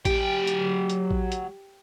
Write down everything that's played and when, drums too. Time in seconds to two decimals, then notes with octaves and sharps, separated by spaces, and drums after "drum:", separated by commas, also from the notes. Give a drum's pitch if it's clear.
0.05 F#3 G4 G5, drum: kick A1, hi-hat
0.47 drum: hi-hat
0.90 drum: hi-hat
1.11 drum: kick A1
1.32 drum: hi-hat